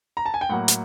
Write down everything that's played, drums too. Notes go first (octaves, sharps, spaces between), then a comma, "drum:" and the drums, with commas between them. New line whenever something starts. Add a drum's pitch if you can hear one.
A#5
A5
G#5
G5
A2 F#3 A#3 F#5
drum: hi-hat